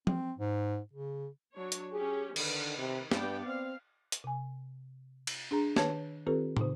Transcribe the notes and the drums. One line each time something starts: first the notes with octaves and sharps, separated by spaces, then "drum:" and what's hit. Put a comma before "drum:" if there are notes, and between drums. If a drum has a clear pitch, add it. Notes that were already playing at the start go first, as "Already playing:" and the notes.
C4, drum: tom F3
G#2
C#3
F#3 D4 C#5
drum: hi-hat
C#4 G4 G#4
D3 D#3 B4, drum: cymbal
C3
G2 B3 D5 G5, drum: snare
C4 F5
drum: hi-hat
C3 G#5
drum: cymbal
D4 G#4 A#5
D#3 B4 C#5 A5 G#6, drum: snare
D#3 C4 F4 G4 A4 B4
C#3 D#4, drum: tom